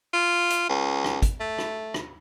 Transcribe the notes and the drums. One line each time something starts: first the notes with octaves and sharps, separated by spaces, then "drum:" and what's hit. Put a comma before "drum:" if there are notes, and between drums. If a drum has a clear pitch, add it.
F4
drum: hi-hat
C#2
drum: rim click
drum: kick, hi-hat
A3
drum: rim click
drum: rim click